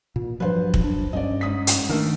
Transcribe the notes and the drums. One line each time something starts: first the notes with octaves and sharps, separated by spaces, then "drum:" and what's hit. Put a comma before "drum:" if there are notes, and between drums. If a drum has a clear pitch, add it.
A#2
G2 F3 F#3 B4 C5
drum: kick
F#2 D4
G2 C#4 D5 D#5
G#2 D#6 B6
drum: hi-hat
D#3 A3 D4 A#4